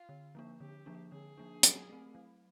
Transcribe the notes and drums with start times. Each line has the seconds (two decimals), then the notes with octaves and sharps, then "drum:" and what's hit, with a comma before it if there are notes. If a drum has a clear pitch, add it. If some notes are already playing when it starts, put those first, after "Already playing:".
Already playing: F4
0.09 D3
0.35 F3 A#3 D4
0.60 D3 G4
0.86 F3 A#3 D4
1.12 D3 G#4
1.38 F3 A#3 D4
1.63 F#3, drum: hi-hat
1.89 A3 C4
2.15 F#3